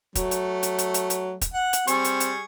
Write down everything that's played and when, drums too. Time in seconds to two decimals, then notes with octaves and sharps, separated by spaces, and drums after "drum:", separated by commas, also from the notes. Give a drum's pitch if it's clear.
0.15 F#3 A3, drum: kick, hi-hat
0.31 drum: hi-hat
0.63 drum: hi-hat
0.78 drum: hi-hat
0.94 drum: hi-hat
1.10 drum: hi-hat
1.41 drum: kick, hi-hat
1.53 F#5
1.73 drum: hi-hat
1.87 G3 C4 G#4 C#6, drum: hi-hat
2.04 drum: hi-hat
2.20 drum: hi-hat